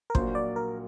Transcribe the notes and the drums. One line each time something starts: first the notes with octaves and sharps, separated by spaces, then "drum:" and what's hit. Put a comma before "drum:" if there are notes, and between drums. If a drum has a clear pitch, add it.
A#4
A#1 A#2 F#3 A#3 F#4 C5, drum: kick
D5
A#4